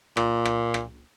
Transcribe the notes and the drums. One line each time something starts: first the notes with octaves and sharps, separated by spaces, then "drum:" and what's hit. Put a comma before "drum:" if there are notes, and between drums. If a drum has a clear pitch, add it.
A#2, drum: rim click
drum: rim click
drum: rim click